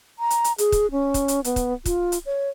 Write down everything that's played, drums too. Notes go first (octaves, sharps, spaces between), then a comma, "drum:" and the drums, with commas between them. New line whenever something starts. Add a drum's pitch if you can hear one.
A#5
drum: hi-hat
drum: hi-hat
G#4, drum: hi-hat
drum: kick, hi-hat
C#4
drum: kick, hi-hat
drum: hi-hat
B3, drum: hi-hat
drum: kick, hi-hat
F4, drum: kick, hi-hat
drum: hi-hat
C#5